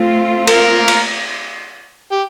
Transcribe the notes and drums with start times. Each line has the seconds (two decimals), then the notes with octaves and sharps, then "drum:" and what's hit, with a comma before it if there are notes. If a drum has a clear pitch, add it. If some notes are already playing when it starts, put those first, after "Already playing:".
Already playing: A3 C4 F4
0.47 A#3 A#4, drum: cymbal
0.88 drum: cymbal
2.11 G4